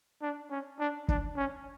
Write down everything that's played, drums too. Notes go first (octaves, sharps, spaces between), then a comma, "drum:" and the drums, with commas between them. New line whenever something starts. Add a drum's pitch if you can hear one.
D4
C#4
D4
D4, drum: kick
C#4